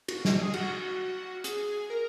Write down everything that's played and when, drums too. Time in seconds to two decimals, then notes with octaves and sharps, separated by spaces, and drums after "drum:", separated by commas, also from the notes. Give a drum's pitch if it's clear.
0.08 F#4, drum: cymbal
0.25 drum: snare
0.39 G#4
0.53 F#4, drum: cymbal
1.44 G#4, drum: hi-hat
1.90 A#4